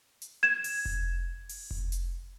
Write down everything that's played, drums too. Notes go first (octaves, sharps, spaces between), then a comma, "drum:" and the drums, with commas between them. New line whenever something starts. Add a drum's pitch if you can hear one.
drum: hi-hat
G#6 E7
drum: open hi-hat
drum: kick F1
drum: open hi-hat
drum: kick F1
drum: hi-hat